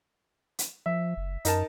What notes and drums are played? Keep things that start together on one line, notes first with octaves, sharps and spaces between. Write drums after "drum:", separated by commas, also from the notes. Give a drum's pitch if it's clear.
drum: hi-hat
F3 E5
F#1
F#2 D#4 A#4 A5, drum: hi-hat